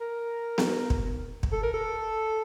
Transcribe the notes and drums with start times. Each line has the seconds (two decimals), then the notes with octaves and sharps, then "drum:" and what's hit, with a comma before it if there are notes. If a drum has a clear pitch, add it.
0.01 A#4
0.58 drum: snare B3
0.90 drum: kick
1.43 drum: kick
1.52 A4
1.63 A#4
1.74 A4